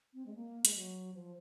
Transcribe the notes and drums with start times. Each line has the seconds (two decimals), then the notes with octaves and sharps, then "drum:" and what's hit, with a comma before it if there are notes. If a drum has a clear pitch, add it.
0.14 C4
0.26 G#3
0.35 A#3
0.65 G#3, drum: hi-hat
0.75 F#3
1.14 F3